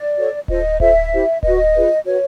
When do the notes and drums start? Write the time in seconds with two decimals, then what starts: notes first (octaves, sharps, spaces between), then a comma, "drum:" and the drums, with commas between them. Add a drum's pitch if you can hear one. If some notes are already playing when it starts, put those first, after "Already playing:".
Already playing: D5
0.16 F#4 A4 C#5
0.48 F4 A4 C5 D#5, drum: kick D1
0.80 F4 A4 C5 E5, drum: kick D1
1.11 E4 G4 C5
1.43 F#4 B4 D#5, drum: kick D1
1.75 F4 G#4 B4
2.05 F#4 B4 C#5